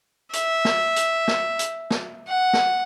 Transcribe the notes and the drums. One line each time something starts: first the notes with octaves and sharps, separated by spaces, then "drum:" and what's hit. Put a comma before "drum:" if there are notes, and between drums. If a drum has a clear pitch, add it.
E5, drum: hi-hat
drum: snare
drum: hi-hat
drum: snare
drum: hi-hat
drum: snare
F#5
drum: snare